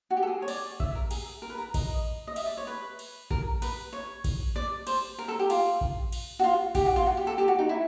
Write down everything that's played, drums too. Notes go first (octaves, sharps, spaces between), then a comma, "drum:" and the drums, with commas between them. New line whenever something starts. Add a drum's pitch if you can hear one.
F#4
G4
A4
G#4
C#5
D5, drum: cymbal
E5, drum: kick A1
A#4
G#4, drum: cymbal
A#4
B4
A#4
D#5, drum: kick A1, cymbal
D#5
E5, drum: cymbal
D5
C#5
B4
drum: cymbal
A#4, drum: kick A1
B4, drum: cymbal
C#5
drum: kick A1, cymbal
D5
C5, drum: cymbal
A#4
A4
G4
F4, drum: cymbal
drum: kick A1
drum: cymbal
F#4
F4
G4, drum: kick A1, cymbal
F#4
F4
F#4
G4
A4
G4
F#4
D#4
E4